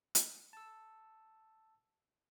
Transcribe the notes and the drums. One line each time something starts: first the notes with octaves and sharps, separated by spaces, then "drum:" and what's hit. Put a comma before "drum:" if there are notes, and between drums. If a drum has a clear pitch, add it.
drum: hi-hat
A5 E6